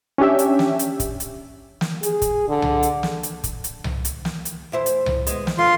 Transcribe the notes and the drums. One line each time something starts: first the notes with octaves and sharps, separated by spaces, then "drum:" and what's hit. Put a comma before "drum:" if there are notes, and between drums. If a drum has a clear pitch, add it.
C#4 D4 G4 E5
drum: hi-hat
drum: snare
drum: hi-hat
drum: kick, hi-hat
drum: hi-hat
drum: snare
G#4, drum: hi-hat
drum: kick, hi-hat
D3
drum: tom C2
drum: hi-hat
drum: snare
drum: hi-hat
drum: kick, hi-hat
drum: hi-hat
drum: tom C2
drum: hi-hat
drum: snare
drum: hi-hat
E2 E4 C5
drum: hi-hat
drum: tom C2
G#3 B3, drum: hi-hat
drum: snare
D3 F4 C6